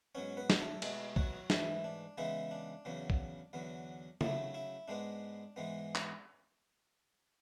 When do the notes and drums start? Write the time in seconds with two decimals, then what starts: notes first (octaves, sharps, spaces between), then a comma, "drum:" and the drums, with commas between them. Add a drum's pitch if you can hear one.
0.15 G#2 F#3 B3 C#4 C#5
0.37 B3 B4
0.50 drum: snare
0.60 A3 A4
0.82 B2 G#3 A3 G#4, drum: cymbal
1.16 F#3 F#4, drum: kick
1.50 G#2 E3 A3 E4, drum: snare
1.84 D4
2.18 C#3 E3 G#3 B3 E4
2.51 D4
2.85 E2 C#3 F#3 B3
3.10 drum: kick
3.53 E2 D3 F#3 B3
4.21 C#3 F#3 A3 E4, drum: tom C#3
4.54 E4
4.88 G#2 G#3 B3 D4
5.56 G#2 E3 G#3 B3
5.95 drum: clap